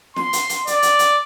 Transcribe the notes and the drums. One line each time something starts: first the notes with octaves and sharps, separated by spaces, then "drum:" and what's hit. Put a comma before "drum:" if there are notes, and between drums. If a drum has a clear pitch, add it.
C6, drum: snare
drum: hi-hat
drum: hi-hat
D5, drum: hi-hat
drum: hi-hat
drum: hi-hat